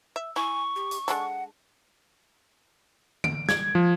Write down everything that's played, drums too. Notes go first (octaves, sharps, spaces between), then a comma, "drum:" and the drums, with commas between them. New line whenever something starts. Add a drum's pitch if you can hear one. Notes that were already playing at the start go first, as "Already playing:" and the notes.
E5
E4 G#5 C#6
G4
drum: hi-hat
G#3 D4 A4 F#5, drum: hi-hat
D7, drum: tom D3
G#6, drum: snare
F3